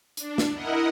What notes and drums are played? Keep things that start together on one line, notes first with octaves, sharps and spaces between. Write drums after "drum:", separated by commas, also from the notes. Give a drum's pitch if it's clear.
D4, drum: hi-hat
drum: snare
E4 A#4 D#5 F#5